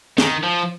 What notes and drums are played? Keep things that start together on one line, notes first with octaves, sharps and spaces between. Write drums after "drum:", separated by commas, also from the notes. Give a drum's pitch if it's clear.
D#3, drum: snare
F3